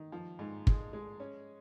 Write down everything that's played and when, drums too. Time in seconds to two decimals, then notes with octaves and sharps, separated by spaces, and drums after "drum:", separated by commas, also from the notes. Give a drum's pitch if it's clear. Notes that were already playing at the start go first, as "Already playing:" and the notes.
Already playing: D#3
0.12 F3
0.39 G#2
0.67 G#3, drum: kick
0.93 G#3
1.20 C#4